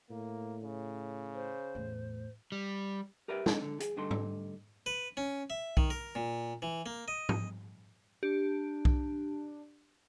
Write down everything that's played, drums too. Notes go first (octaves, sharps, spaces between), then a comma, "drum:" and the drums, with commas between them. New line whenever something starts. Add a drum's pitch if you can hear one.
A2 A#3
C#3
C5
E2 A2
G3
G4 A#4 B4 D5 E5
C4 D4 D#4 A4 C#5 D5, drum: snare
D3
G#4, drum: hi-hat
D2 G2 D4 D#4 A4 C6
drum: tom G#2
B4
C#4
E5
D#3, drum: kick B1
A#4
A#2
E3
A#3
D#5
drum: tom G#2
D4 G4
drum: kick B1